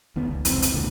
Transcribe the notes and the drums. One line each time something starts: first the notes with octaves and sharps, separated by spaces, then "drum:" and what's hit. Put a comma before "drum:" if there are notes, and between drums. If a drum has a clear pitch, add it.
E1 D#3 B3
C#2
F1 C#2 E3 C4, drum: hi-hat
drum: hi-hat
E1 C#2 A#2 D3